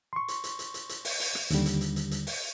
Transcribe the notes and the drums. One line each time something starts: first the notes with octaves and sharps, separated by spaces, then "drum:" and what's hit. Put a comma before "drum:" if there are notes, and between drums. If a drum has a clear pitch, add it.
C6 C#6
drum: hi-hat
drum: hi-hat
drum: hi-hat
drum: hi-hat
drum: hi-hat
drum: open hi-hat
drum: open hi-hat
drum: rim click
D#2 D3 G3, drum: hi-hat
drum: hi-hat
drum: hi-hat
drum: hi-hat
drum: hi-hat
drum: open hi-hat